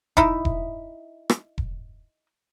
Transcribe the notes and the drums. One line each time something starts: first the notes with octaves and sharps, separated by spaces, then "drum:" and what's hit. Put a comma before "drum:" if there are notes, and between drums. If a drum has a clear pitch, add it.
D#4 E4, drum: kick E1
drum: kick E1
drum: rim click
drum: kick E1